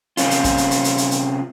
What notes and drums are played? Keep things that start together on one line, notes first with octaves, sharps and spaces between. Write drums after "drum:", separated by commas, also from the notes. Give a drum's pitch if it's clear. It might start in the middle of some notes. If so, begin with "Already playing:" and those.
C3 C4 C#4 F4, drum: hi-hat
drum: hi-hat
drum: kick, hi-hat
drum: hi-hat
drum: hi-hat
drum: hi-hat
drum: hi-hat
drum: hi-hat